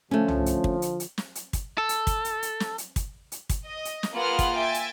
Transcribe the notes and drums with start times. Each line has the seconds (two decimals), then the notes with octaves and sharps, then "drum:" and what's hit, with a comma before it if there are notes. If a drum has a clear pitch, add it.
0.11 D3 F3 A3 C#4
0.28 drum: tom
0.46 drum: hi-hat
0.64 drum: kick
0.82 drum: hi-hat
1.00 drum: hi-hat
1.18 drum: snare
1.35 drum: hi-hat
1.53 drum: kick, hi-hat
1.78 A4
1.89 drum: hi-hat
2.07 drum: kick, hi-hat
2.25 drum: hi-hat
2.42 drum: hi-hat
2.60 drum: snare
2.78 drum: hi-hat
2.96 drum: kick, hi-hat
3.32 drum: hi-hat
3.50 drum: kick, hi-hat
3.65 D#5
3.85 drum: hi-hat
4.03 drum: snare
4.15 A#3 F4 G#4 B4 F#5 F6
4.39 drum: kick, hi-hat
4.57 E5 G5 G#5 A6
4.74 drum: hi-hat